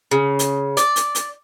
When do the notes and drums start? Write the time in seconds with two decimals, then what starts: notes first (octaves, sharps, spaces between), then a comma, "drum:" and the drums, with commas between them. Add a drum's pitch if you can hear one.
0.11 C#3
0.39 drum: hi-hat
0.77 D5, drum: hi-hat
0.96 drum: hi-hat
1.15 drum: hi-hat